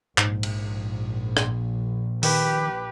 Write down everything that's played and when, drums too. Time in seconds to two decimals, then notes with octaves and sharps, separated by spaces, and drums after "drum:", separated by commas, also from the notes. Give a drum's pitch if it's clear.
0.18 A#1 G#2, drum: clap
0.43 drum: cymbal
1.37 drum: rim click
2.23 D#3 G4 B4, drum: open hi-hat